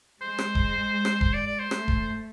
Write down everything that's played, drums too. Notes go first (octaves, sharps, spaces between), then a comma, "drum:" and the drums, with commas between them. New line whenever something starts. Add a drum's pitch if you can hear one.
G#3 C5
drum: rim click
drum: kick E1
drum: rim click
C5, drum: kick E1
D5
D5
C5
A3, drum: rim click
drum: kick E1